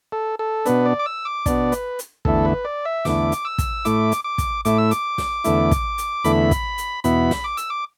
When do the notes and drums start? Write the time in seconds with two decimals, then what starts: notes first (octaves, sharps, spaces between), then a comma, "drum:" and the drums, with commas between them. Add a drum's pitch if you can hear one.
0.12 A4
0.39 A4
0.66 B2 B3 D4 B4, drum: hi-hat
0.85 D5
0.99 D6
1.06 E6
1.25 D6
1.46 B2 B3 D4 D5, drum: kick, hi-hat
1.72 B4, drum: hi-hat
1.99 drum: hi-hat
2.25 E2 D3 A3 E4 A4, drum: kick
2.45 B4
2.65 D5
2.85 E5
3.05 E2 D3 A3 E4 D6, drum: snare
3.32 drum: hi-hat
3.45 E6
3.58 drum: kick, hi-hat
3.85 A2 A3 E4 D6, drum: hi-hat
4.12 drum: hi-hat
4.24 D6
4.38 drum: kick, hi-hat
4.65 A2 A3 E4 D6, drum: hi-hat
4.78 E6
4.91 D6, drum: hi-hat
5.18 drum: snare
5.44 E2 D3 A3 E4, drum: hi-hat
5.71 drum: kick, hi-hat
5.98 drum: hi-hat
6.24 E2 D3 A3 E4 B5, drum: hi-hat
6.51 drum: kick, hi-hat
6.78 drum: hi-hat
7.04 E2 B2 B3 E4 B5, drum: hi-hat
7.31 drum: snare
7.44 D6
7.57 E6, drum: hi-hat
7.70 D6